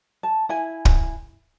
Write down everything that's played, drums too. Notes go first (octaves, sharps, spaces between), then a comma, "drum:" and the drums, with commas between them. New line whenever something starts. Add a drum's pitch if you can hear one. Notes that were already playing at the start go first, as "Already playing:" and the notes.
A5
E4 G#5
drum: kick